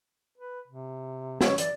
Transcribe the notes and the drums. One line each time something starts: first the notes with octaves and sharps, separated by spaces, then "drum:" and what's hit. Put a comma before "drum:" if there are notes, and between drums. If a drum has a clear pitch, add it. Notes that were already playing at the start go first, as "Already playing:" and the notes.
B4
C3
G#3 C#5, drum: snare
E3 D5, drum: hi-hat